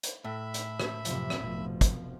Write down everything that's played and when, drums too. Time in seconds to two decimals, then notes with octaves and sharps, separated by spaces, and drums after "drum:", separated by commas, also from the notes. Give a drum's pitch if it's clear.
0.03 drum: hi-hat
0.24 A2 E5 B5
0.54 drum: hi-hat
0.80 drum: rim click
1.05 F#2 C3 F3, drum: hi-hat
1.30 drum: rim click
1.39 F1 B2 F3
1.81 drum: kick, hi-hat